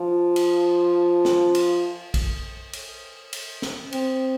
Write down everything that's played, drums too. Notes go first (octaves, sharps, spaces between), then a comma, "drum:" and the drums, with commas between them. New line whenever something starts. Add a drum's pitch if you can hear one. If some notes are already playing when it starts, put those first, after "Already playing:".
Already playing: F3
drum: cymbal
drum: snare
drum: cymbal
drum: kick, cymbal
drum: cymbal
drum: cymbal
drum: snare
C4, drum: cymbal